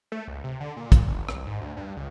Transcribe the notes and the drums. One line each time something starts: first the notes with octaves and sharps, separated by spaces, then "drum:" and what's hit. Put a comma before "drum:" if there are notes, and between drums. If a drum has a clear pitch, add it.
A3
C#2
C3
D3
A#2
drum: kick, hi-hat
G1
C2, drum: rim click
G#2
D2
G2
C#2